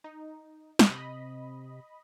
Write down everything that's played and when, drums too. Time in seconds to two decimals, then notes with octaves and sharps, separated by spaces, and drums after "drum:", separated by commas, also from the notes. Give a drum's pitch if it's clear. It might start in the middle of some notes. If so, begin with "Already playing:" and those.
0.04 D#4
0.79 drum: snare
0.89 C3 D#5 B5